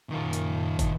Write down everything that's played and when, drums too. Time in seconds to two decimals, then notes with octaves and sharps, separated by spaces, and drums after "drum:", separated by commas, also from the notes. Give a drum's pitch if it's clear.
0.10 F#1 F#2 A#2 D#3 F4
0.33 drum: hi-hat
0.79 drum: kick, hi-hat